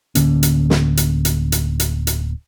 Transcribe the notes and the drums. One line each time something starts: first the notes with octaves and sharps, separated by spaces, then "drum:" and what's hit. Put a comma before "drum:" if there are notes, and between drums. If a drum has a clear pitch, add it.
D1 D3 A#3 C#4, drum: hi-hat
drum: hi-hat
drum: snare
drum: hi-hat
drum: hi-hat
drum: hi-hat
drum: hi-hat
drum: hi-hat